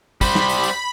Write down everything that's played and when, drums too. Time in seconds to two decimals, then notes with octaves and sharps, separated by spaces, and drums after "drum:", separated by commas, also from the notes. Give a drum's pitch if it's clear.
0.21 G3 C5 B5, drum: kick, tambourine
0.35 drum: snare
0.49 drum: tambourine
0.64 drum: tambourine